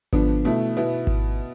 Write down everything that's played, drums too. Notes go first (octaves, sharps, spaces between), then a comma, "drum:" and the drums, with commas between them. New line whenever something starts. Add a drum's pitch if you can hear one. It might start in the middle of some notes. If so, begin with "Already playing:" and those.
D3 F3 B3 D4, drum: kick G#1
B2 A3 E4
B2 B3 E4
drum: kick G#1